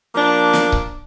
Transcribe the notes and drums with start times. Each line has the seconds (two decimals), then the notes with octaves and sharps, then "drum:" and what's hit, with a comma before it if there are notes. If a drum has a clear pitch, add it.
0.15 F3 A#3 D4
0.53 drum: snare
0.72 drum: kick C#1